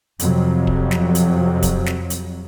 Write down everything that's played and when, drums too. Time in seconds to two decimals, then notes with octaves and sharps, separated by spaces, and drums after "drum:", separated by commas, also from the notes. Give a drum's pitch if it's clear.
0.19 F2 C3 F#3, drum: hi-hat
0.67 drum: kick
0.91 drum: snare
1.15 drum: hi-hat
1.62 drum: kick, hi-hat
1.86 drum: snare
2.10 drum: hi-hat